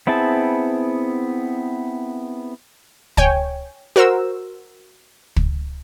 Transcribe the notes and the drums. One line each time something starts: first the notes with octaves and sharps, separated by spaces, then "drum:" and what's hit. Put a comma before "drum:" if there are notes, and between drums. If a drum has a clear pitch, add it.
B3 C4 E4 G#4 A5
C#5 G5 G#5, drum: kick
F#4 A#4 C5 E6
drum: kick